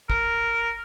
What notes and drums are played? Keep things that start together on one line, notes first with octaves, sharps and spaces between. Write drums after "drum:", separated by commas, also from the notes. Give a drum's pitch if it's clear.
A#4, drum: kick